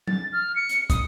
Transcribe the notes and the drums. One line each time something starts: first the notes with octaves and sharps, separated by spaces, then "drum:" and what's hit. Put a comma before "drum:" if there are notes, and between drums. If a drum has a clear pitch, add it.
A6, drum: tom F#3
F6
C#7
drum: hi-hat
D#6, drum: kick, hi-hat